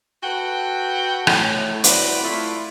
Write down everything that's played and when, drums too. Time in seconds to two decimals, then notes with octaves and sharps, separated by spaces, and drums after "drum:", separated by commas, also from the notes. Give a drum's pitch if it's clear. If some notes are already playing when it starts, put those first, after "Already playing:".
0.23 F#4 A4 B4 F#5 G5
1.27 A2, drum: rim click
1.84 C4 E4 F#4 B4 D5, drum: hi-hat
2.24 A3 E4 F4